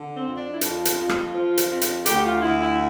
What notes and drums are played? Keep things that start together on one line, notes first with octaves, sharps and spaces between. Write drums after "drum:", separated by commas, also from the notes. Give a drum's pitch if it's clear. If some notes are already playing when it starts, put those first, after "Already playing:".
Already playing: D3
C4
F2
D4
E4
F2 F4, drum: hi-hat
drum: hi-hat
F2
drum: rim click
F3
drum: hi-hat
F2
drum: hi-hat
D2 G4, drum: hi-hat
F4
D2 E4
E4